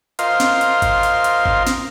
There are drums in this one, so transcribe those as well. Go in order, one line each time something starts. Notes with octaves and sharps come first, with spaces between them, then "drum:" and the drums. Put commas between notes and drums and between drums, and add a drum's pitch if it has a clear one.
F4 A#4 C5 D#5 F5, drum: hi-hat
drum: snare
drum: hi-hat
drum: kick G#1, hi-hat
drum: hi-hat
drum: hi-hat
drum: kick G#1
drum: snare